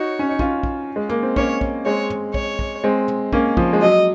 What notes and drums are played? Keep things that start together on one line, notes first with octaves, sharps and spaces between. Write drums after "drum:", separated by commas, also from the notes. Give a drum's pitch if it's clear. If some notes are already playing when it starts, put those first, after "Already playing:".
Already playing: D#4 F#4 C#5
C#4
D#4
C#4 F4, drum: kick
drum: kick
G#3
A#3, drum: tom
C4
A#3 C#4 C#5, drum: kick
drum: kick
G#3 C4 C#5
drum: tom
C#5, drum: kick
drum: kick
G#3 C4
drum: tom
A#3 C#4, drum: kick
F3, drum: kick
G#3
F#3 D#5